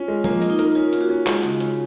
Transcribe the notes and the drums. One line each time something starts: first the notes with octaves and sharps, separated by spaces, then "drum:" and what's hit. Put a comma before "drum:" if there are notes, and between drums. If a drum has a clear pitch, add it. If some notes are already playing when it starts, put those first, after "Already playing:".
Already playing: C#4 F4
G#3
A#3 F4, drum: tom F3
D#5, drum: hi-hat
D#4
A#4, drum: hi-hat
C#4 F4
A#3, drum: hi-hat
F#4
C#4
G#3, drum: clap
C#3, drum: hi-hat
C#4, drum: hi-hat